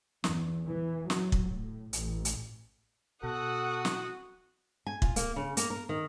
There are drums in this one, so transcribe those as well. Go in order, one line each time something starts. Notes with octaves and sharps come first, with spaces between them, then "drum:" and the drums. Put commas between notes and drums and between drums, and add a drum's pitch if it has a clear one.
E2, drum: snare
E3
F#3, drum: snare
drum: kick
A2
A1, drum: hi-hat
drum: hi-hat
B2 F#4 A4 F#5 D#6
drum: snare
G#5
F4, drum: kick
A#3, drum: hi-hat
C#3
A#3, drum: hi-hat
A#4
D#3